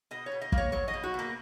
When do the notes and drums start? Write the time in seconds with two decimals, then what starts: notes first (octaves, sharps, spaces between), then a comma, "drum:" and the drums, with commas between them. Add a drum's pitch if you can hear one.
0.11 B2 D#5
0.26 C#5
0.32 B2
0.41 D#5
0.52 A#3, drum: kick
0.58 C#5
0.72 F#3 C#5
0.88 D#5
0.94 B2
1.03 F#4
1.14 B2 A#3